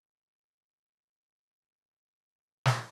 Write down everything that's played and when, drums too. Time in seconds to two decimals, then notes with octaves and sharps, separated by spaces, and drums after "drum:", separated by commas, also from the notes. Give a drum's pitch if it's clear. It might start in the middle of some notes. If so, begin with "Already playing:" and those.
0.03 D4
0.38 C3
2.11 G4
2.66 drum: snare